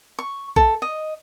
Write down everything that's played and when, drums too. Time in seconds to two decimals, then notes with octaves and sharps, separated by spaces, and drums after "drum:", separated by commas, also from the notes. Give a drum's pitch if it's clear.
0.19 C#6
0.56 A4, drum: kick A#1
0.82 D#5